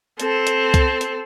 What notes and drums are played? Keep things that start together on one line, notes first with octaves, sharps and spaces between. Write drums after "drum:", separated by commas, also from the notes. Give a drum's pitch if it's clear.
C4 A4, drum: hi-hat
drum: hi-hat
drum: kick C2, hi-hat
drum: hi-hat